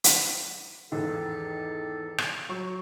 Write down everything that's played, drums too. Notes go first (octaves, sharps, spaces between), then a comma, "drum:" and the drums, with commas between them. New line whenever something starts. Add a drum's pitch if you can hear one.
drum: hi-hat
E2 G#2 D#3 A4
drum: rim click
F#3 C#6